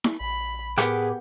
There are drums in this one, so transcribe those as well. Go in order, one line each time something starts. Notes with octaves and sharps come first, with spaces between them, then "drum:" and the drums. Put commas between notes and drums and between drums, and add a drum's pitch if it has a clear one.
drum: snare E4
A#1 B5
A2 B3 G4 G#4 A#4 B4 F#5 D6, drum: rim click